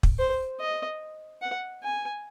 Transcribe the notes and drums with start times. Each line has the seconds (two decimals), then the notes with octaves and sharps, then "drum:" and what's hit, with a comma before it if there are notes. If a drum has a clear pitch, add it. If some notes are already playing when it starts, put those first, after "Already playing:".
0.03 drum: kick
0.19 C5
0.60 D#5
1.42 F#5
1.83 G#5